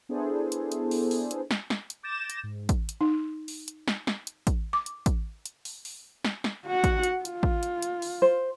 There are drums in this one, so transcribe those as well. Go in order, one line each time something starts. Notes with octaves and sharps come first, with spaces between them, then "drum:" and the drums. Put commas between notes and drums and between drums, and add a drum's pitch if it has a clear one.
B3 D4 E4 G#4 A4 C5
drum: hi-hat
drum: hi-hat
drum: open hi-hat
drum: open hi-hat
drum: hi-hat
drum: snare
drum: snare
drum: hi-hat
D6 G6 A6 A#6 E7
drum: hi-hat
G#2
drum: kick, hi-hat
drum: hi-hat
D#4
drum: open hi-hat
drum: hi-hat
drum: snare
drum: snare
drum: hi-hat
drum: kick, hi-hat
D6
drum: hi-hat
drum: kick, hi-hat
drum: hi-hat
drum: open hi-hat
drum: open hi-hat
drum: snare
drum: snare
F#4 F#5
drum: kick, hi-hat
drum: hi-hat
F4, drum: hi-hat
drum: kick
drum: hi-hat
drum: hi-hat
drum: open hi-hat
C5